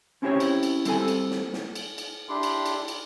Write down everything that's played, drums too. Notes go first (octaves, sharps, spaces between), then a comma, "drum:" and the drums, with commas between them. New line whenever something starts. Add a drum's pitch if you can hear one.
C4 C#4 E4 G4 C5 C#5
drum: cymbal
drum: cymbal
G3 C4 A4 G#5, drum: cymbal
drum: cymbal
drum: snare
drum: snare
drum: cymbal
drum: cymbal
D4 E4 G4 C6
drum: cymbal
drum: cymbal
drum: cymbal